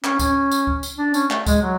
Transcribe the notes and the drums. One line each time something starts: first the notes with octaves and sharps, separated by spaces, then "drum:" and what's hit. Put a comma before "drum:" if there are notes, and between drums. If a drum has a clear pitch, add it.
C#4, drum: clap
C#4, drum: kick C#2, tambourine
drum: tambourine
drum: kick C#2
drum: tambourine
D4
C#4, drum: tambourine
A3, drum: clap
G#3, drum: kick C#2, tambourine
F#3